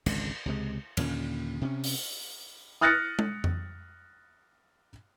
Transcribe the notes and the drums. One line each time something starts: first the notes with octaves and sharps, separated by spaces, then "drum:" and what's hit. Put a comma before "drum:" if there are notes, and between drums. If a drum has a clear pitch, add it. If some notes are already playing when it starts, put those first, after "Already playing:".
G#1 C#2 D3, drum: cymbal
C#2 C3 G#3
D#2 A#2 D3 C#4, drum: cymbal
C3 C#4
drum: open hi-hat
D#6 F6 F#6 A6 A#6 C#7
drum: tom G#3
drum: tom F2